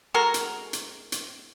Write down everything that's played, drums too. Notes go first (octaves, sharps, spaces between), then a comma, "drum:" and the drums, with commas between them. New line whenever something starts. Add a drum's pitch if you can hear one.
G#3 F#4 A4 A#4
drum: hi-hat
drum: hi-hat
drum: hi-hat